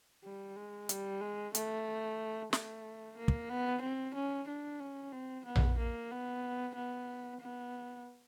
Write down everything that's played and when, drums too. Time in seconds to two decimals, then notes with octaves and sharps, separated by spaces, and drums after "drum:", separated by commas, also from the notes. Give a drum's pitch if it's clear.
0.24 G3
0.56 G#3
0.89 G3, drum: hi-hat
1.21 G#3
1.55 A3, drum: hi-hat
2.53 A3, drum: snare
3.17 A#3
3.28 drum: kick
3.49 B3
3.82 C4
4.15 C#4
4.48 D4
4.80 C#4
5.12 C4
5.45 B3
5.56 drum: tom A#1
5.78 A#3
6.11 B3
6.75 B3
7.41 B3